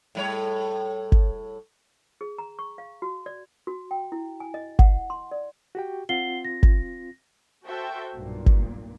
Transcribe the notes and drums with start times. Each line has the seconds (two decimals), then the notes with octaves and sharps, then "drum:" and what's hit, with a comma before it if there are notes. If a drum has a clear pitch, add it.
0.15 A2 G3 C#5
1.12 drum: kick G1
2.21 G#4
2.38 A#5
2.59 C#6
2.78 F5
3.02 F#4
3.26 D5
3.67 F#4
3.91 G5
4.12 E4
4.40 G#5
4.54 D#5
4.79 F#5, drum: kick G1
5.10 C6
5.31 D5
5.75 F#4 G4 G5
6.09 C4 F4 F#5 C7 G7
6.45 A#6
6.63 drum: kick G1
7.65 F#4 A4 C5 E5 G5
8.14 B1 G2 A#2
8.46 drum: kick G1